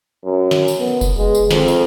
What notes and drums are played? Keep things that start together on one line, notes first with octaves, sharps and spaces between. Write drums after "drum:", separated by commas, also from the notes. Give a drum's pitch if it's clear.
F#2
drum: snare
drum: tambourine
B3
drum: kick F1, tambourine
G#3
drum: tambourine
F2, drum: snare
drum: tambourine